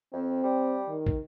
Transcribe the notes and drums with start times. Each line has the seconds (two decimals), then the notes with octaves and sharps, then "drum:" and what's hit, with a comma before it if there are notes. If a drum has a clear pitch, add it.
0.13 F2 C4
0.43 G3
0.88 D#3
1.07 drum: kick